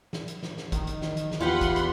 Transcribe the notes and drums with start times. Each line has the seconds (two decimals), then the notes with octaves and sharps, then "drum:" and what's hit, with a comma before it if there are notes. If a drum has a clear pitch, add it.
0.13 drum: snare
0.28 drum: hi-hat
0.43 drum: snare
0.57 drum: snare
0.72 D#3, drum: kick, hi-hat
0.87 drum: hi-hat
1.02 drum: snare
1.17 drum: hi-hat
1.31 drum: snare
1.40 E2 F4 G4 B4 F#5 B5 C6
1.61 drum: kick, hi-hat
1.76 drum: hi-hat